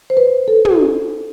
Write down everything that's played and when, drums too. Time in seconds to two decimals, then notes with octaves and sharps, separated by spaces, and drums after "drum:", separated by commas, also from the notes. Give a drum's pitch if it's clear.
0.10 C5
0.17 B4
0.48 A4
0.65 drum: tom